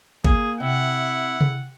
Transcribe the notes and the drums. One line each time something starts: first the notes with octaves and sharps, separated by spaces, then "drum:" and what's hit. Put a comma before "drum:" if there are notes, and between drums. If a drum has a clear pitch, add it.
A#3 G#4, drum: kick G#1
C3 E4 F#5
drum: tom C3